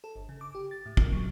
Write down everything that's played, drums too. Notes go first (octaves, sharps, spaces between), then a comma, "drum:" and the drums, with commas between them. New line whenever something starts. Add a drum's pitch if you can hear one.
A4
G1
C#3
D6
G4
A6
A2
A#3, drum: kick
F#3